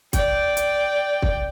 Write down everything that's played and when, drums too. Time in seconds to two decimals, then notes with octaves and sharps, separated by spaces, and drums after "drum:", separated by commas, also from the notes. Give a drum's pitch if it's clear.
0.13 D5 G5, drum: kick, hi-hat
0.57 drum: hi-hat
1.22 drum: kick